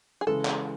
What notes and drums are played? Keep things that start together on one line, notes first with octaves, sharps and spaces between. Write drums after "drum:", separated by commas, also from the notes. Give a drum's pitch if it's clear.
G#4
C#3 E3 G#3 A4
drum: clap